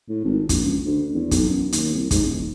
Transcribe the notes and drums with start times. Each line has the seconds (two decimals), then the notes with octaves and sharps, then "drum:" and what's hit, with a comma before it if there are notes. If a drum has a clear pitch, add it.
0.09 A2
0.24 G#1
0.49 A#1, drum: kick, hi-hat
0.63 C#2
0.86 D2
1.15 E2
1.31 B1, drum: kick, hi-hat
1.49 F#2
1.72 D#2, drum: hi-hat
1.94 C2
2.11 G#2, drum: kick, hi-hat
2.24 D#1